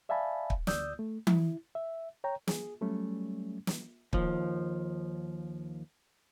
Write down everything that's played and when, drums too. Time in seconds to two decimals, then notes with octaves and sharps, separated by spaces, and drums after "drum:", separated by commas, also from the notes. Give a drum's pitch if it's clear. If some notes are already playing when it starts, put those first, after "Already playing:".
0.09 D5 E5 F5 G#5 A5 B5
0.50 drum: kick
0.67 D2 D5 D#6 E6 G6, drum: snare
0.99 A3
1.27 E4, drum: tom E3
1.75 E5
2.24 C#5 G5 A#5
2.47 G#4, drum: snare
2.81 F#3 G3 A3 C#4
3.67 drum: snare
4.13 D#2 F3, drum: kick